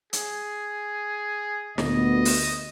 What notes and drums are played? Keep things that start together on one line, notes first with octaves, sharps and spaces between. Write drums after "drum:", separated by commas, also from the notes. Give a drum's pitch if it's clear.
G#4, drum: hi-hat
D2 A#2 B3 D#5, drum: snare
drum: open hi-hat